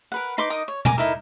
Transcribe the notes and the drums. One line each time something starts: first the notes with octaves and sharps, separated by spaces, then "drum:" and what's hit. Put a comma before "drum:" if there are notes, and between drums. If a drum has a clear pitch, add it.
A#4 B4 F#5
D#4 B4 C6 D6
D#4 A#4 D#6
C#5
A#4 G#5 A#5 D6, drum: tom
D#4 E4 A4 A#4